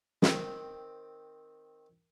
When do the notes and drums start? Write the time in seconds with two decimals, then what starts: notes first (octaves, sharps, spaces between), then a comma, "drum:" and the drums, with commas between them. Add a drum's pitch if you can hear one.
0.22 D#3 C4, drum: snare